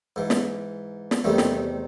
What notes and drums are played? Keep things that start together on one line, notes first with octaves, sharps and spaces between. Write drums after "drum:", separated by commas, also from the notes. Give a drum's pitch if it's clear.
G#2 E3
drum: snare
drum: snare
E2 C3 D#3 G3 A3
drum: snare